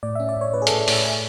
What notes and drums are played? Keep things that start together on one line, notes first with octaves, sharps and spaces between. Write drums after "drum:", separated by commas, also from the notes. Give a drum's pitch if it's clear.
A2 D5
C#4 E5
D5
A2 C#5
A2 B4
G#4
A2 A4, drum: hi-hat
C#5
A2 E5, drum: open hi-hat
G#5